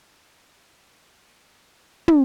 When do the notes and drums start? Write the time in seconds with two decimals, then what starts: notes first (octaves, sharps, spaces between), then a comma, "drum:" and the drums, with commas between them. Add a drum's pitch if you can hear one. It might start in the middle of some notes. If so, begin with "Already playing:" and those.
0.10 G6
0.22 B2
0.61 F1
0.90 B5
1.37 E5
1.64 B4
2.08 drum: tom